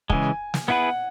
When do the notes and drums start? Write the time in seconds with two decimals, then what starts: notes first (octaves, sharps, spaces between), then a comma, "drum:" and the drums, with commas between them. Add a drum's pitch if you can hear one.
0.10 C#3 E3 G#3 G#5, drum: kick
0.54 drum: snare
0.68 B3 E4 G#4 B4 F#5